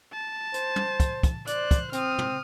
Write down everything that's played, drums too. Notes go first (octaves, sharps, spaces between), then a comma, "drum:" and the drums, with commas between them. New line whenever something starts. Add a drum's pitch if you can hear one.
A5
C5, drum: hi-hat
drum: tom
drum: kick, hi-hat
drum: kick, hi-hat
C5 D5 F#6, drum: hi-hat
drum: kick, hi-hat
C4 D#6 F6, drum: hi-hat
drum: tom